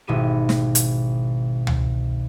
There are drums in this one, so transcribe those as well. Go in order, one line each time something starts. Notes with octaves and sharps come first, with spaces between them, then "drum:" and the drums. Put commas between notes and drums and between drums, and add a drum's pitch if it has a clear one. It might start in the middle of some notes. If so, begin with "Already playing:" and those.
G#1 B2 E4 G4 D#7
drum: snare
drum: hi-hat
drum: tom